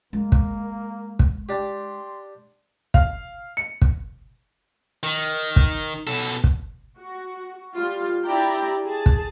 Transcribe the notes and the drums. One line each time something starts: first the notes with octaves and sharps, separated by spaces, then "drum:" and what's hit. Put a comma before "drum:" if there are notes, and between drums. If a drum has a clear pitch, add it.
G#3 A#3
drum: kick
drum: kick
D4 G4 C6
F5, drum: kick
C#7
drum: kick
D#3
drum: kick
B2 A4
drum: kick
F#4
G3 F4
D4 E4 G4 D5 G5 A#5
G#4 A5
drum: kick